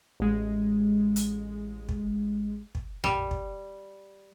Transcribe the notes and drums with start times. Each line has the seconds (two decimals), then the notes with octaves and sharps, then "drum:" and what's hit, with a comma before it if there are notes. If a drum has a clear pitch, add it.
0.20 A1 G#3
1.16 drum: hi-hat
1.89 drum: kick
2.75 drum: kick
3.04 G3, drum: tom A#1
3.31 drum: kick